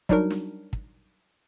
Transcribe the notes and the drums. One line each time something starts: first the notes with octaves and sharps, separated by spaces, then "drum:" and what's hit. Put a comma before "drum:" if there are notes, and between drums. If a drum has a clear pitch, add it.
F#3 G3 D4 D#4 F#4 A#4, drum: kick
drum: snare
drum: kick